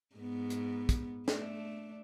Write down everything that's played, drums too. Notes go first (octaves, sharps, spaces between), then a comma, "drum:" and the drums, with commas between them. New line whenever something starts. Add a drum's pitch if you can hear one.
G#2 B3
drum: hi-hat
drum: kick, hi-hat
A3 D4, drum: snare